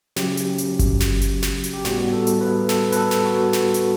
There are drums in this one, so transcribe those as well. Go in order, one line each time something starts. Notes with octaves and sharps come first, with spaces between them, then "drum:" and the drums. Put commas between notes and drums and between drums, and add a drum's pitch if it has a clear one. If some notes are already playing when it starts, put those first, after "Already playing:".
C#3 F#3 C#4 G4, drum: snare
drum: hi-hat
drum: hi-hat
drum: kick G1, hi-hat
drum: snare
drum: hi-hat
drum: snare
drum: hi-hat
G4
A2 G3 B3 F#4, drum: snare
A4
drum: hi-hat
B4
A4, drum: snare
B4, drum: hi-hat
A4
drum: snare
F#4
drum: snare
drum: hi-hat